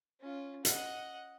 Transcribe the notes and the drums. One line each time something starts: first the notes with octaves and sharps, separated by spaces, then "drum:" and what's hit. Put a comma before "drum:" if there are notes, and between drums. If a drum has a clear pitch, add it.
C#4 F4
D#5 F#5, drum: hi-hat